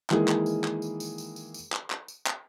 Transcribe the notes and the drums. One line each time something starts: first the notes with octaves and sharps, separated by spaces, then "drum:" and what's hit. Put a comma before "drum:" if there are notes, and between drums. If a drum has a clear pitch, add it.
D#3 E3 G#3 A#3 E4 G#4, drum: clap
drum: clap
drum: tambourine
drum: clap
drum: tambourine
drum: tambourine
drum: tambourine
drum: tambourine
drum: tambourine
drum: clap
drum: clap
drum: tambourine
drum: clap